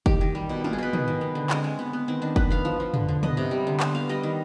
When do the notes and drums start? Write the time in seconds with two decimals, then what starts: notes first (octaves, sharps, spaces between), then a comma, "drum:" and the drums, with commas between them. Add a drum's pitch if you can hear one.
0.06 D#3 G4, drum: kick
0.21 D#3
0.35 G3
0.49 B2
0.64 B2 F4, drum: tom
0.73 G#4
0.78 B2 B4
0.93 D#3, drum: tom
1.08 D#3
1.21 B3
1.35 D3
1.50 G#3 C4, drum: clap
1.64 G#3
1.79 B3
1.93 B3
2.08 D#3 C4
2.22 D#3 D4
2.36 B3 B4, drum: kick
2.50 B3 F5
2.65 F3
2.80 F3
2.94 D3, drum: tom
3.08 D3
3.23 B3 D#5, drum: tom
3.37 C3
3.51 G3
3.67 D3
3.80 B3 C5, drum: clap
3.95 B3 F5
4.09 G3 D#5
4.23 D#3